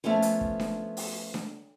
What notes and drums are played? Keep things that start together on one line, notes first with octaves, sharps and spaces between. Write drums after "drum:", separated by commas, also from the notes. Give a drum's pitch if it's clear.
F3 A3 B3 C#4 F4
drum: hi-hat
drum: kick
drum: snare D4
drum: open hi-hat
drum: snare D4